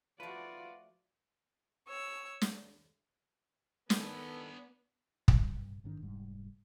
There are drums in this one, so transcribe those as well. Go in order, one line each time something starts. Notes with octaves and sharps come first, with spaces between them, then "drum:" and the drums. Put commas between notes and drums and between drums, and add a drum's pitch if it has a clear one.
F3 A3 F4 F#4 B4 D5
C#5 E6
drum: snare
D#3 B3 D4 A4 B4 G#5, drum: snare
drum: kick
G2
A1 G#2 D#3 D4
F1 G#2 G3